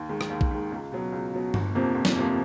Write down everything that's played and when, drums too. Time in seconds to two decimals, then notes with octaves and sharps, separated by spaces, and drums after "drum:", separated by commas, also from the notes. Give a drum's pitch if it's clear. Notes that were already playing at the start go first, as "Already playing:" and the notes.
Already playing: D#2
0.09 D#3 G#3
0.21 drum: rim click
0.30 D#2
0.41 drum: kick A#1
0.51 D#3 G#3
0.72 C#2
0.92 B2 F#3
1.12 C#2
1.34 B2 F#3
1.54 G1, drum: tom G2
1.75 F2 C3 F3 A#3
1.95 G1
2.05 drum: snare
2.16 F2 C3 F3 A#3